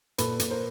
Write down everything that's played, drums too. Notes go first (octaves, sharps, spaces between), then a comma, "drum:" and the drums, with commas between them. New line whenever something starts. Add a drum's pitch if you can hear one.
A#2 A4 B4, drum: hi-hat
A#2, drum: hi-hat
A#4 C5